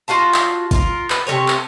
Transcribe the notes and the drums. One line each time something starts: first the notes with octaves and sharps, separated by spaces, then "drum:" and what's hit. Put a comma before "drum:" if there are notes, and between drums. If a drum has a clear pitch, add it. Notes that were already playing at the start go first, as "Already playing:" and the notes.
F4 F#4 F5 A5
drum: clap
F4 A#4, drum: kick, hi-hat
B4, drum: clap
C3 G#3 A4 C#5
drum: clap